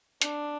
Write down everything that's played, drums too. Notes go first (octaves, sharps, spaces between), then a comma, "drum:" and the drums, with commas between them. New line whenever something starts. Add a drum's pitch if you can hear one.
D4, drum: hi-hat